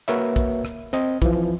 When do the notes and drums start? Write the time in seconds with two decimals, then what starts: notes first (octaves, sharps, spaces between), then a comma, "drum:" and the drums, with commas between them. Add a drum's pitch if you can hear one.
0.08 A#3 F#4 A#4 B4 C#5 E5
0.36 drum: kick, hi-hat
0.65 drum: rim click
0.93 C4 D#5, drum: hi-hat
1.22 E3 F3, drum: kick, hi-hat